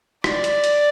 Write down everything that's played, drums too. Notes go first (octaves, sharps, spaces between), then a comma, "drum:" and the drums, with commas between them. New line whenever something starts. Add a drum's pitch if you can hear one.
D5, drum: rim click
drum: hi-hat
drum: hi-hat